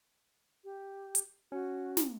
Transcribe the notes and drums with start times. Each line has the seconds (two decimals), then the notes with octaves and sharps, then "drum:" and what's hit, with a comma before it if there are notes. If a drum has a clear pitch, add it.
0.64 G4
1.15 drum: hi-hat
1.52 C#4 F#4
1.97 drum: snare